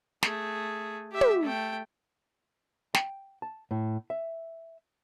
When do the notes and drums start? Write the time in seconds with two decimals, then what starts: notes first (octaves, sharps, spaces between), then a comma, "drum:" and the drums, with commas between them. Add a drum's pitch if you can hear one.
0.23 A3 G#4, drum: snare
1.12 G4 E5
1.21 drum: tom
1.42 A3 G5
2.94 G5, drum: snare
3.42 A5
3.71 A2
4.10 E5